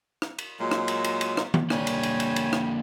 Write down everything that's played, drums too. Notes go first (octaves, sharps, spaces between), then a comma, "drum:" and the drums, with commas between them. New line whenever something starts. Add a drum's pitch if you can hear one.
drum: rim click
drum: cymbal
A#2 F#3 G#3
drum: rim click
drum: cymbal
drum: cymbal
drum: cymbal
drum: rim click
drum: tom D#3
D3 G3 A#3 C#5 D5 G#5, drum: rim click
drum: cymbal
drum: cymbal
drum: cymbal
drum: cymbal
drum: rim click